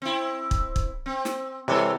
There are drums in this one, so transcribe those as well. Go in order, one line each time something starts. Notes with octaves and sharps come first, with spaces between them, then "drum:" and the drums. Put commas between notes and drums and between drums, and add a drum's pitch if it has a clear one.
C4 E4
drum: kick
drum: kick
C4
drum: snare
C3 E3 G3 A4 C#5